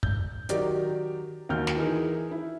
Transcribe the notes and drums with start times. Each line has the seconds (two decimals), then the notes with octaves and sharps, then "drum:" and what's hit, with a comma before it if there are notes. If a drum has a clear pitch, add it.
0.03 G6, drum: kick
0.49 D#3 F#3 D#4 G4 A#4 D5, drum: hi-hat
1.49 D#2 D#3 F#4 F6 G6
1.67 drum: snare
1.77 E3 D#4 G#4 A#4
2.31 E4